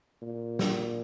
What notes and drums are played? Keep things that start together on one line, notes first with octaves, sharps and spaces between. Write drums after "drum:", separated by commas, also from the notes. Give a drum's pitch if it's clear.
A#2
drum: snare